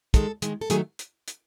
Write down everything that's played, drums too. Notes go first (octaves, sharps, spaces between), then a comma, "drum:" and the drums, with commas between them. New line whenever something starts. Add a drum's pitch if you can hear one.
D#3 G#3 A4, drum: kick, hi-hat
D#3 G#3, drum: hi-hat
A4
D#3 F#3 A3 G#4, drum: hi-hat
drum: hi-hat
drum: hi-hat